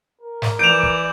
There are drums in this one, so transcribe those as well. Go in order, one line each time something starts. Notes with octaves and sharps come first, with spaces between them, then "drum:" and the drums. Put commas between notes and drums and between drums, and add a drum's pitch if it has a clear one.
A#4
drum: snare
E3 D5 G6 D7 E7 F7
drum: kick